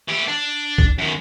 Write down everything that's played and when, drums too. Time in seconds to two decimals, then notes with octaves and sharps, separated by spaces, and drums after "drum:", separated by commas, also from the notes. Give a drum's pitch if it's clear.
0.08 E3 G4
0.28 D4
0.78 drum: kick
0.98 F#2 D#3